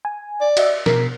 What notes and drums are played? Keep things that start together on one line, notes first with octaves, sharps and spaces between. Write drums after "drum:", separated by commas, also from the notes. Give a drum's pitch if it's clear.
G#5
D5
F#4 D#5 E5, drum: cymbal
B2 A#4 B6 C7, drum: snare